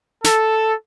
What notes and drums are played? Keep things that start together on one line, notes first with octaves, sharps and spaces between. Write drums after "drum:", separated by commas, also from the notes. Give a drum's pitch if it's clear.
A4, drum: snare